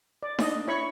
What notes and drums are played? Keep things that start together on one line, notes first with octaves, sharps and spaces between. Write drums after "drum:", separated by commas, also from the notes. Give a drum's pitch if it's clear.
D5
D4 D#5, drum: snare D#4
E4 C#5 B5 C#6